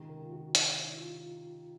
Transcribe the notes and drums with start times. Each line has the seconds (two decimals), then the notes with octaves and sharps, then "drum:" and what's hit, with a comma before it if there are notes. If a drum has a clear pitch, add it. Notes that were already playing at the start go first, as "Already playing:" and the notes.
Already playing: C#2 C3 D#3 G#3
0.09 A#4
0.23 F4
0.32 F#4
0.55 drum: hi-hat
0.75 E4
0.97 F4